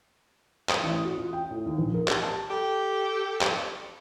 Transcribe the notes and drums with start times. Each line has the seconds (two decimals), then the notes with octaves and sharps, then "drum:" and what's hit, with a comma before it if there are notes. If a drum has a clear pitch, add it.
0.69 D#6, drum: clap
0.84 A1
1.05 F#4
1.18 F4
1.33 G5
1.51 A2
1.66 D#2
1.78 A#1
1.94 A#4
2.08 G4, drum: clap
2.23 A5
2.51 G4 A4
3.41 drum: clap